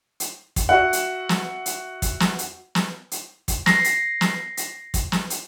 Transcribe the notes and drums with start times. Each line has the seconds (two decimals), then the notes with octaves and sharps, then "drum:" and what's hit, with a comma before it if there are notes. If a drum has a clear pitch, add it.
0.20 drum: hi-hat
0.56 drum: kick, hi-hat
0.69 F#4 E5 F#5
0.93 drum: hi-hat
1.29 drum: snare
1.66 drum: hi-hat
2.02 drum: kick, hi-hat
2.20 drum: snare
2.39 drum: hi-hat
2.75 drum: snare
3.11 drum: hi-hat
3.48 drum: kick, hi-hat
3.66 A#6 C7, drum: snare
3.84 drum: hi-hat
4.21 drum: snare
4.57 drum: hi-hat
4.94 drum: kick, hi-hat
5.12 drum: snare
5.30 drum: hi-hat